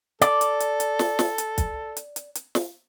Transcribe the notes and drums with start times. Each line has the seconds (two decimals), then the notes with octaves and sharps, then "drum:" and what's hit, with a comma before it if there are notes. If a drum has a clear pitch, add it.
0.21 A4 D5, drum: hi-hat
0.41 drum: hi-hat
0.60 drum: hi-hat
0.80 drum: hi-hat
0.99 drum: snare
1.19 drum: snare
1.38 drum: hi-hat
1.58 drum: kick, hi-hat
1.97 drum: hi-hat
2.16 drum: hi-hat
2.35 drum: hi-hat
2.55 drum: snare